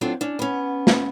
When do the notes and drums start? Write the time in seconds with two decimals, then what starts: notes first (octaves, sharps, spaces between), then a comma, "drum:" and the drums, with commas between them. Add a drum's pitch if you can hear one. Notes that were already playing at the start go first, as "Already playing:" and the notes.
0.01 F#3 C4 D4 F4 A4
0.21 C#4 D4
0.39 B3 C#4
0.87 drum: snare